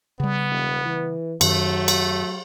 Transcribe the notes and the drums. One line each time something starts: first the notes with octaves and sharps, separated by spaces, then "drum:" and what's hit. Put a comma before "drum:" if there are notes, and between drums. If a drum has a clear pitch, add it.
C#3 G3 B3
E1
E3
F#2 D#3 F#3 A3, drum: cymbal
drum: cymbal